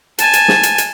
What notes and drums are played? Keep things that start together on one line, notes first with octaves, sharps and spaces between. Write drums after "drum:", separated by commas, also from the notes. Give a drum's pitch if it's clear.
G#5 A5, drum: hi-hat
drum: hi-hat
drum: snare
drum: hi-hat
drum: hi-hat